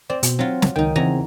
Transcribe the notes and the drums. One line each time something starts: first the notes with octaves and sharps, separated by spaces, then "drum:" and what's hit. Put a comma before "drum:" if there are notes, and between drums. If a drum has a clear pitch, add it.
C4 D5
B2, drum: hi-hat
F#3 C4 F4
drum: snare
C#2 D#3 D#4 G5
E2 C#3 C4 G#5 A#5